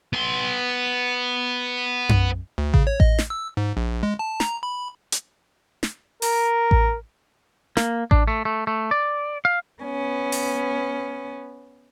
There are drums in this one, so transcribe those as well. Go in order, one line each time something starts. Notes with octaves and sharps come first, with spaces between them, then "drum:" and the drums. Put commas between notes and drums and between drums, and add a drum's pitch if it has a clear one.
B3 C6
drum: tom F#2
D2
C#3, drum: kick A1
C#5
D#5, drum: kick A1
drum: snare
E6
G#2
A#1
G#3
A5
A#5, drum: snare
B5
drum: hi-hat
drum: snare
A#4, drum: open hi-hat
drum: kick A1
A#3, drum: snare
D4, drum: kick A1
A3
A3
A3
D5
F5
B3 C#4
drum: open hi-hat